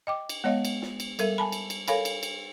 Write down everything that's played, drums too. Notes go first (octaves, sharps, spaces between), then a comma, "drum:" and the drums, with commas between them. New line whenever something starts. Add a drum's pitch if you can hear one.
D#5 G5 D6
drum: cymbal
G#3 B3 C#5 D#5 F5
drum: cymbal
drum: snare
drum: cymbal
G3 A4 A#4 E5, drum: cymbal
G#5 A5 B5
drum: cymbal
drum: cymbal
A4 A#4 C#5 F5 G#5 B5, drum: cymbal
drum: cymbal
drum: cymbal